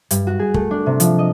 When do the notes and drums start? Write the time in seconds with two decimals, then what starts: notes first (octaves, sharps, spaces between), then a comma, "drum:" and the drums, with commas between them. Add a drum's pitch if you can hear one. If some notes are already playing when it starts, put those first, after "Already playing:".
0.11 G2, drum: hi-hat
0.27 F#4
0.39 G#4
0.54 A3, drum: kick
0.71 D4
0.86 C3
1.00 F3, drum: hi-hat
1.19 D#5